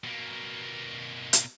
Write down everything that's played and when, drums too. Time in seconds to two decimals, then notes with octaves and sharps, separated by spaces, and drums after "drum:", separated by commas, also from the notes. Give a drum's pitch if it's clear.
0.04 B2 A#3
1.33 drum: hi-hat